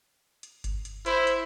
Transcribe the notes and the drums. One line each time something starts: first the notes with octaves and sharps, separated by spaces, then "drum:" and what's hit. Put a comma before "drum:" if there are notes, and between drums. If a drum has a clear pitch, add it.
drum: hi-hat
drum: kick G1, hi-hat
drum: hi-hat
E4 C5, drum: hi-hat
drum: hi-hat